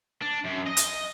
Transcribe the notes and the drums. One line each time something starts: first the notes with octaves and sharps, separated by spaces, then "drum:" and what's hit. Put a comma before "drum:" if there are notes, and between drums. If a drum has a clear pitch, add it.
D4
F#2
D#5
drum: hi-hat